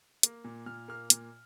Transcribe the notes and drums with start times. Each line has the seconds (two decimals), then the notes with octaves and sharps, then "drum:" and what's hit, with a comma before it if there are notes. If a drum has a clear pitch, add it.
0.23 A#3, drum: hi-hat
0.44 A#2
0.66 A#2 F6
0.88 A#3 F6
1.10 A#2, drum: hi-hat